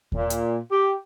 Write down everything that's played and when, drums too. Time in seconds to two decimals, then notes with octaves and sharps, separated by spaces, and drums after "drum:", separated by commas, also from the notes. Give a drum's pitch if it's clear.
0.12 A#2, drum: kick D#2
0.30 drum: hi-hat
0.70 G4